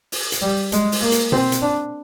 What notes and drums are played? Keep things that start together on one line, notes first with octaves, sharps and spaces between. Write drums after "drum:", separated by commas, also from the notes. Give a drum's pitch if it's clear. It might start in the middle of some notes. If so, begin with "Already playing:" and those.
drum: open hi-hat
drum: hi-hat
G3
G#3, drum: hi-hat
drum: open hi-hat
A#3
drum: hi-hat
C4, drum: tom B2
drum: hi-hat
D4